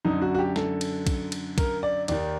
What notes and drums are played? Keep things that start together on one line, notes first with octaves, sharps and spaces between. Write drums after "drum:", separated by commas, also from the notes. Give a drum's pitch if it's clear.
F#2 D3 D#4
F#4
F#4
G4
A4, drum: snare
drum: cymbal
drum: kick, cymbal
drum: cymbal
A#4, drum: kick, cymbal
D5
D#2 D#3 D5, drum: cymbal